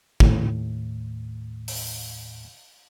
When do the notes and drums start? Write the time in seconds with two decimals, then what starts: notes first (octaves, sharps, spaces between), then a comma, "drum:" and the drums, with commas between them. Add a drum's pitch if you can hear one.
0.20 D#2 A2, drum: kick
1.68 drum: open hi-hat